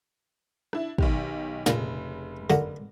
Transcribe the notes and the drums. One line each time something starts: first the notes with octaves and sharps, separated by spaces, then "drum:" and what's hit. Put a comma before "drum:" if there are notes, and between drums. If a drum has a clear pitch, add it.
D4 E4, drum: rim click
B1 D#3 G4, drum: kick
F1 A#2 C#3, drum: snare
F#2 D3, drum: tambourine